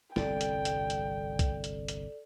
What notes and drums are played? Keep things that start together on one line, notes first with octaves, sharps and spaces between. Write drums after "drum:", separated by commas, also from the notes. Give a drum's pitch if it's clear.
G1 C2 F2 A4 D5 G5, drum: snare
drum: hi-hat
drum: hi-hat
drum: hi-hat
drum: kick C2, hi-hat
drum: hi-hat
drum: hi-hat